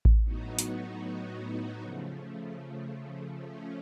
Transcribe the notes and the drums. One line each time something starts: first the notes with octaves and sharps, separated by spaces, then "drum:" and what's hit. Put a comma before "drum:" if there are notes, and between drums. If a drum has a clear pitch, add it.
drum: kick A1
A2 F#3 B3 D#4 F#4
drum: hi-hat
C#3 F3 A3
F3 A3 C#4